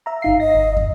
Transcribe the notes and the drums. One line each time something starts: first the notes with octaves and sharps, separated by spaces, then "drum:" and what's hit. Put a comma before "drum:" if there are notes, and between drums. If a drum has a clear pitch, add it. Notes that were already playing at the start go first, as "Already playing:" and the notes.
E5 A#5
G1 D#4 F5 C7
D#5 A#6
G1
drum: kick